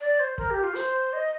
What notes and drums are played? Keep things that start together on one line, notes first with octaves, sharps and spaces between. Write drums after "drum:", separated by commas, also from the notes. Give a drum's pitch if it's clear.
D5
C5
A#4, drum: kick
G4
F4
C5, drum: hi-hat
D#5